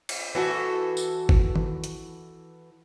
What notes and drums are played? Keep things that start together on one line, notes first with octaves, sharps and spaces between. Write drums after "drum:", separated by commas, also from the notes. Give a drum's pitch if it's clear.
drum: cymbal
E3 F#4 A4
drum: tambourine
drum: kick G1
drum: tom D#3
drum: hi-hat